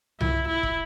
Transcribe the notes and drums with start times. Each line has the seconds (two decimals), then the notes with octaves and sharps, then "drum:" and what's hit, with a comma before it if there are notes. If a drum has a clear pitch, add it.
0.21 E4, drum: tom C2
0.49 E4
0.63 drum: kick